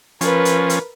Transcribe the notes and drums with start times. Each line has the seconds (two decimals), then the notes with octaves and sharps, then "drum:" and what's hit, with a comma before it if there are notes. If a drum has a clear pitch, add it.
0.21 F3 C#4 A#4 B4, drum: hi-hat
0.45 drum: hi-hat
0.70 drum: hi-hat